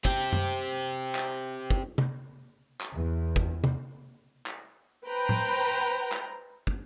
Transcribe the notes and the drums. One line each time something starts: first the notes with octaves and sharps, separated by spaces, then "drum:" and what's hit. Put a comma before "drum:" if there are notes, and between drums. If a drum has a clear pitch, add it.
C4 G4, drum: kick
drum: tom F#2
drum: clap
drum: kick
drum: tom
drum: clap
E2
drum: kick
drum: tom
drum: clap
B4 C5 G5 A#5
drum: tom A2
drum: clap
drum: kick